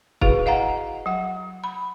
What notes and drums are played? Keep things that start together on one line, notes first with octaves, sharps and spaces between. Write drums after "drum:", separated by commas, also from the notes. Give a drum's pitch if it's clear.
E4 F#4 G#4 B4 F5, drum: kick
D#5 F5 F#5 A#5
F#3 F#5
B5